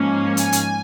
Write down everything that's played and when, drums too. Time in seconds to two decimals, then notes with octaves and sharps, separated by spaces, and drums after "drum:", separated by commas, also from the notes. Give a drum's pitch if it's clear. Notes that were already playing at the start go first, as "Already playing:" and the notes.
Already playing: G#2 F3 A#3 C#4
0.37 G#5, drum: hi-hat
0.52 drum: hi-hat